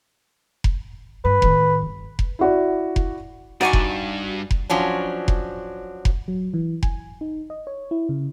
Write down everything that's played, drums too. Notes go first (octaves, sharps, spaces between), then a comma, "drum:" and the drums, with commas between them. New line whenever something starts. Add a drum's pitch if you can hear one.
drum: kick F1
G2 B4
A2 D#3, drum: kick F1
D1 G1
drum: kick F1
E4 F#4 D5
drum: kick F1
G2 D#4 F#4 D5 F#5 G#5 C#6
drum: kick F1
drum: kick F1
F3 F#3 C#4 D4
drum: kick F1
drum: kick F1
F#3
E3
G#5, drum: kick F1
D#4
D#5
C#5
E4
C#3